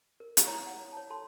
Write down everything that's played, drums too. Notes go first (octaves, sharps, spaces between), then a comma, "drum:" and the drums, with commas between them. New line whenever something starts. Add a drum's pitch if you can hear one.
A#4
drum: hi-hat
E4 C#5 A#5 D#6
F#5
C#5 A5
A4 A5 C6